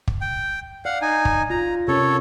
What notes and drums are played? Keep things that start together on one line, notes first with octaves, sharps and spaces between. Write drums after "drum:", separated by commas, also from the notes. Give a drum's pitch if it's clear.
drum: kick
G5
D5 F5 F#5
D#4 G#5
drum: kick
F4 A#5
C3 C#4 A4 A#4 C#5